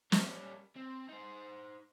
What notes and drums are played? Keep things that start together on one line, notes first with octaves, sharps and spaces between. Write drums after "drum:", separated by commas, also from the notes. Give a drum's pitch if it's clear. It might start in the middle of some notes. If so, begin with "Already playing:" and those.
G3 C#4, drum: snare
C4
D#4 C5